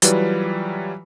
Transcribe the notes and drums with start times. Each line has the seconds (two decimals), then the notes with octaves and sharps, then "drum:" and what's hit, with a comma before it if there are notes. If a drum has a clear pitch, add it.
0.02 E3 F#3 G3 F4 B4 D5, drum: hi-hat